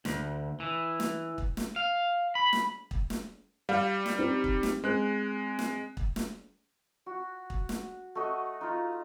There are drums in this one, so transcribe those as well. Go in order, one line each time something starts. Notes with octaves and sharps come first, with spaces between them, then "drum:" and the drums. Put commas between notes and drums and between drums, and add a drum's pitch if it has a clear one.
D2, drum: snare
E3
drum: snare
drum: kick
drum: snare
F5
B5
drum: snare
drum: kick
drum: snare
G3 F5 F6
drum: snare
C4 D#4 G4
drum: kick
drum: snare
G#3 C4 F#6
drum: snare
drum: kick
drum: snare
F#4
drum: kick
drum: snare
A3 F#4 D#5
D#4 F4